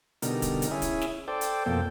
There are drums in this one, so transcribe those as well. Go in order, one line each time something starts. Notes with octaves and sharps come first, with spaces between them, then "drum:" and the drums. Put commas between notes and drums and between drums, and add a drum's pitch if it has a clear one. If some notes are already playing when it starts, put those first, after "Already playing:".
B2 D3 G3 D#4 A#4, drum: hi-hat
drum: kick D1, hi-hat
drum: hi-hat
C#4 E4 G#4
drum: kick D1, hi-hat
drum: snare
A4 C5 D5 G5
drum: hi-hat
F2 B2 A#3 C4 A4 G5